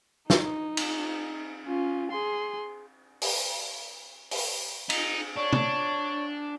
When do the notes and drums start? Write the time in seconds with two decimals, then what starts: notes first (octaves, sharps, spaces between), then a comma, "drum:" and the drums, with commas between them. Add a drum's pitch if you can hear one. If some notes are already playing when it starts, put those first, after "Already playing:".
0.30 D#4, drum: snare
0.77 drum: cymbal
1.65 C#4 F4
2.11 G#4 C6
3.21 drum: open hi-hat
4.31 drum: open hi-hat
4.90 D#4, drum: cymbal
5.36 D4 C#5 C#6
5.53 drum: tom